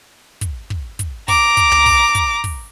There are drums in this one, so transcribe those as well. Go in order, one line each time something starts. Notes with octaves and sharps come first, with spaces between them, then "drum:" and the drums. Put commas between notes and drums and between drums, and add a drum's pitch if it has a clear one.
drum: kick, hi-hat
drum: kick
drum: kick, hi-hat
A#5 D6, drum: kick, open hi-hat
drum: kick, hi-hat
drum: tom
drum: kick, open hi-hat
drum: kick, hi-hat
drum: kick, open hi-hat